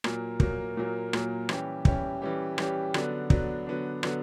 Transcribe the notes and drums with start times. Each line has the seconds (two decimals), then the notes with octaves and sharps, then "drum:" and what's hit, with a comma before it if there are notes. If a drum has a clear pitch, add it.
0.04 A#2 F#3 A#3, drum: rim click
0.40 A#2 F#3 A#3, drum: kick
0.77 A#2 F#3 A#3
1.13 A#2 F#3 A#3, drum: rim click
1.49 E3 G3 C#4 G4, drum: rim click
1.85 E3 G3 C#4 G4, drum: kick
2.22 E3 G3 C#4 G4
2.58 E3 G3 C#4 G4, drum: rim click
2.94 D3 F#3 B3 D4, drum: rim click
3.30 D3 F#3 B3 D4, drum: kick
3.67 D3 F#3 B3 D4
4.03 D3 F#3 B3 D4, drum: rim click